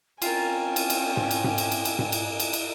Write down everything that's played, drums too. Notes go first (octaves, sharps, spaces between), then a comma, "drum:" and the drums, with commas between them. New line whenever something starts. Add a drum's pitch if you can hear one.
C4 C#4 F4 A#4 G5 G#5, drum: cymbal
drum: cymbal
drum: cymbal
drum: tom G#2
drum: cymbal
drum: tom G#2
drum: cymbal
drum: cymbal
drum: cymbal
drum: tom G#2
drum: cymbal
drum: cymbal
drum: cymbal